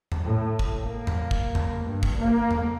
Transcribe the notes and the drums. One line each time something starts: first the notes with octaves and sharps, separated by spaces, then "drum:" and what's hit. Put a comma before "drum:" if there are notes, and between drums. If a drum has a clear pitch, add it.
drum: tom E2
A2
drum: kick
A#3
drum: tom E2
drum: kick
drum: tom E2
G2
drum: kick
A#3
drum: tom E2